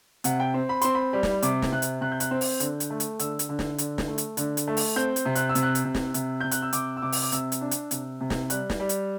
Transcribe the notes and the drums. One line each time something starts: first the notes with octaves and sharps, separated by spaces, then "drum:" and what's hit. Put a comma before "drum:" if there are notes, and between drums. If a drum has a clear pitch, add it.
C3 F#5, drum: hi-hat
G5
C4
B5
C4 C6, drum: hi-hat
B5
G3
drum: snare
C3 D6, drum: hi-hat
drum: snare
C3 F#6
drum: hi-hat
C3 F#6
G6
F#6, drum: hi-hat
C4
drum: open hi-hat
D3, drum: hi-hat
drum: hi-hat
A3
drum: hi-hat
D3 E6, drum: hi-hat
drum: hi-hat
D3
drum: snare
D3, drum: hi-hat
drum: snare
A3
drum: hi-hat
D3, drum: hi-hat
drum: hi-hat
A3
drum: open hi-hat
C4 G6
drum: hi-hat
C3
F#6, drum: hi-hat
E6
C3, drum: hi-hat
F#6
drum: hi-hat
C3
drum: snare
C3, drum: hi-hat
C3 G6
F#6, drum: hi-hat
E6
C3 D6, drum: hi-hat
E6
C3 D6
drum: open hi-hat
D6
C3 E6, drum: hi-hat
drum: hi-hat
D4
drum: hi-hat
C3, drum: hi-hat
C3
drum: snare
G3 F#6, drum: hi-hat
drum: snare
G3
drum: hi-hat